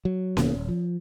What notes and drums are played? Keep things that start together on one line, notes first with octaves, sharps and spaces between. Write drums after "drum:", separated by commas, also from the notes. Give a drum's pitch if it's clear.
F#3
F#1 B2 D#3 A#3, drum: snare C#4
D#1
F3